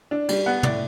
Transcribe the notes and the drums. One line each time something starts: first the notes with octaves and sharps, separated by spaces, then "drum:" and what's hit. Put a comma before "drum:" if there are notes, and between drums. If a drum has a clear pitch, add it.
D4
G3, drum: cymbal
B3 F#5
A2 D5, drum: tom